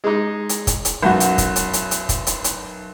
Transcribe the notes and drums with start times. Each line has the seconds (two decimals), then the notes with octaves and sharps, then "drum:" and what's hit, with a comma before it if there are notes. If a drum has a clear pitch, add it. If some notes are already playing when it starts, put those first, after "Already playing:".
0.04 G#3 D#4
0.49 drum: hi-hat
0.67 drum: kick, hi-hat
0.85 drum: hi-hat
1.03 B1 F#2 F#4
1.20 drum: hi-hat
1.38 drum: kick, hi-hat
1.56 drum: hi-hat
1.73 drum: hi-hat
1.91 drum: hi-hat
2.09 drum: kick, hi-hat
2.27 drum: hi-hat
2.44 drum: hi-hat